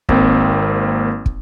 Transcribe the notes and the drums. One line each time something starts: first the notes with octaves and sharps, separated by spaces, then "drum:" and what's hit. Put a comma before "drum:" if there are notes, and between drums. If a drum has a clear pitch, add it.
G#1 A#3 C4, drum: kick
drum: kick